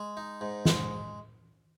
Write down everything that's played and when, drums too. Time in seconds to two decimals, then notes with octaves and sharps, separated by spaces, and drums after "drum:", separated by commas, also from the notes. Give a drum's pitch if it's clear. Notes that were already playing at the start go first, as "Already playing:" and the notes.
Already playing: G#3
0.17 D#4
0.41 G#2
0.65 G#3, drum: snare